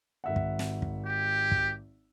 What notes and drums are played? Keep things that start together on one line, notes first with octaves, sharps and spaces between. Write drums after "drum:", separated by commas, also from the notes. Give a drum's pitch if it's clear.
G#1 E5 F#5
drum: kick
drum: snare
drum: kick
G4
drum: kick